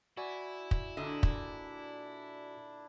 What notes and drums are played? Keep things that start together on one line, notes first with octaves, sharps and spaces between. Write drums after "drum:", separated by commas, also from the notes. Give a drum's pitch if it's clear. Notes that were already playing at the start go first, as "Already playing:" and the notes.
E4 F#4 D5 G#5
drum: kick
A#2 D3 D4 D#5
drum: kick